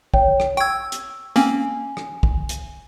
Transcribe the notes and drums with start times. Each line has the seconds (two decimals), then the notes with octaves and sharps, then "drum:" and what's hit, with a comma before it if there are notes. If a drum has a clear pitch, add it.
0.14 C#5 G5, drum: kick
0.40 drum: rim click
0.57 G5 C#6 E6 G#6
0.92 drum: hi-hat
1.36 A#3 C4 C#4 G#5
1.97 drum: rim click
2.23 drum: kick
2.49 drum: hi-hat